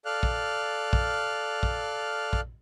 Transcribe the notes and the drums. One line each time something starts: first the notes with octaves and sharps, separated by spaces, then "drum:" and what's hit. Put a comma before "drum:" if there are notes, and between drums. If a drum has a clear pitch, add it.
A4 D5 F5 F6 F#6
drum: kick A#1
drum: kick A#1
drum: kick A#1
drum: kick A#1